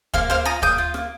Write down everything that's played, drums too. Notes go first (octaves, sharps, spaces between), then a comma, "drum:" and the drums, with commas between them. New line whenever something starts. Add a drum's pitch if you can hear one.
A#3 C5 F5, drum: kick
A#3 C5 F5, drum: rim click
F4 A#5 D#6
A#3 D#6 G6, drum: kick
F4
A#3, drum: rim click